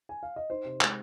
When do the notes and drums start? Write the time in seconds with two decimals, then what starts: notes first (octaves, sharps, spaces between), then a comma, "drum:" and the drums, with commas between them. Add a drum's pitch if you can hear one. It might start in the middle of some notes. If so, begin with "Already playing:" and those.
0.09 G#5
0.23 F5
0.36 D#5
0.50 D#4 C5
0.65 C3
0.81 G#3, drum: clap